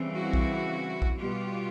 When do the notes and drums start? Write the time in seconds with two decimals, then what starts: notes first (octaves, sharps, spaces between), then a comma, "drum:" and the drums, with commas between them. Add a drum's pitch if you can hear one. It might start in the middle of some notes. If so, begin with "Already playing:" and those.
Already playing: C#3 E3 G3 C4
0.16 E4 F#4
0.33 drum: kick
1.02 drum: kick
1.18 B2 G3 B3 F4 G4